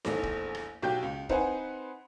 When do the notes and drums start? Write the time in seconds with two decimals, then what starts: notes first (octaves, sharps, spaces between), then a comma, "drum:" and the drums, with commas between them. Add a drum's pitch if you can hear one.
0.05 A#1 E2 A3, drum: snare D#4
0.23 drum: kick
0.55 drum: rim click
0.82 B1 F#4 G4 G5 G6
1.03 C#2
1.29 C4 D#4 B4 C5 F#5 G#5, drum: kick